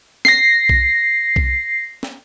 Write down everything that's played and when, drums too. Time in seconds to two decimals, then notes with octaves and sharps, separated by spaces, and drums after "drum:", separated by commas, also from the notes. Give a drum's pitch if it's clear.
0.25 A#6 C7, drum: snare
0.69 drum: kick C2
1.36 drum: kick C2
2.03 drum: snare